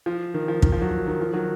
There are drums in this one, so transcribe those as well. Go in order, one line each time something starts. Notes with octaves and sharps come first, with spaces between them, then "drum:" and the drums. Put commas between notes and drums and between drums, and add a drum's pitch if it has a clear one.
F3
D#3
F3
D#3, drum: kick
F3
D#3 F#3
D#3
F3
D#3 F#3